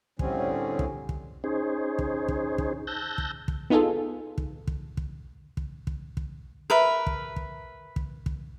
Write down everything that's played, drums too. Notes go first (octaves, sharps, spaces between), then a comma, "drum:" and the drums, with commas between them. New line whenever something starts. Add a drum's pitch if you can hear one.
A2 D3 G3 C4 C#4 G#4, drum: kick
drum: kick
drum: kick
C#4 D#4 G#4 C5
drum: kick
drum: kick
drum: kick
A5 E6 F#6 G6 A#6
drum: kick
drum: kick
B3 D#4 F4 G#4 A4
drum: kick
drum: kick
drum: kick
drum: kick
drum: kick
drum: kick
A#4 B4 E5
drum: kick
drum: kick
drum: kick
drum: kick